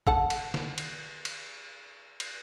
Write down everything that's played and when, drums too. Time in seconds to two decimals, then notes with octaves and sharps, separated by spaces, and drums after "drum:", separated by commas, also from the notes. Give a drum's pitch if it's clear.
0.07 A4 F#5 A5, drum: kick
0.30 drum: cymbal
0.54 drum: snare
0.78 drum: cymbal
1.25 drum: cymbal
2.20 drum: cymbal